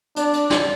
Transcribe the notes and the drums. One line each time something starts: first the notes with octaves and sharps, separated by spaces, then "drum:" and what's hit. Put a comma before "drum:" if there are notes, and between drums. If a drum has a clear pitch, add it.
D4 D5, drum: hi-hat
drum: hi-hat
drum: snare